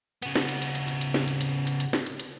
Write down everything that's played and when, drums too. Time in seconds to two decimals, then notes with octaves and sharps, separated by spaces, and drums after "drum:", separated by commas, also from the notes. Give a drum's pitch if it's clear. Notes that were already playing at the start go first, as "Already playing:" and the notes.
0.22 C#3 B3, drum: hi-hat
0.35 drum: snare
0.49 drum: hi-hat
0.62 drum: hi-hat
0.75 drum: hi-hat
0.88 drum: hi-hat
1.01 drum: hi-hat
1.14 drum: snare
1.27 drum: hi-hat
1.41 drum: hi-hat
1.67 drum: hi-hat
1.80 drum: hi-hat
1.93 drum: snare
2.06 drum: hi-hat
2.19 drum: hi-hat